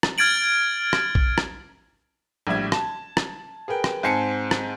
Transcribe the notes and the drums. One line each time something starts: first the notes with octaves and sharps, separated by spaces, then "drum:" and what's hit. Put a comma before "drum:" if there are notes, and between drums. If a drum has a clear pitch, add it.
drum: rim click
F6 G#6 A6 D7 F#7
drum: rim click
drum: kick
drum: rim click
A#1 A2 G3 E5 G#6
A5, drum: rim click
drum: rim click
G#4 A#4 B4 G5
drum: rim click
G#2 C4 G#5 A5 C7 C#7
drum: rim click